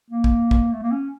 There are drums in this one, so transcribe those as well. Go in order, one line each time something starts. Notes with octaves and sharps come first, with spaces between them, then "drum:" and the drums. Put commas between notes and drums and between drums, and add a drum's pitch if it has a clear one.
A#3
drum: kick
drum: kick
A3
A#3
C#4